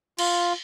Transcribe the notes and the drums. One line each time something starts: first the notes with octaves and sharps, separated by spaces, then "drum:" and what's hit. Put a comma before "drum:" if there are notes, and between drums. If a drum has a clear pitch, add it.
F4, drum: cymbal